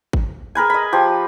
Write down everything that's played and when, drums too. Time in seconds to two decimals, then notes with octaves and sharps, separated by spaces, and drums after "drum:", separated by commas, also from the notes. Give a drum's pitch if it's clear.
0.13 drum: kick G#1
0.55 G#4 A#4 B4 G#5
0.70 D#5 B5
0.93 F3 G4